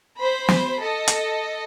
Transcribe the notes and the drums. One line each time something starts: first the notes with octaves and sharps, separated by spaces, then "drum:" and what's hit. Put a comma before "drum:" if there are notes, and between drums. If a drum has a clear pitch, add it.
C5 B5
drum: snare
A4 D#5
drum: hi-hat